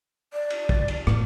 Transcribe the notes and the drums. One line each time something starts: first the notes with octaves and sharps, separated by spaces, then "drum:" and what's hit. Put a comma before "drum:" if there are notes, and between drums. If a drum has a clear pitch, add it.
D5
drum: cymbal
drum: kick
drum: cymbal
A2, drum: rim click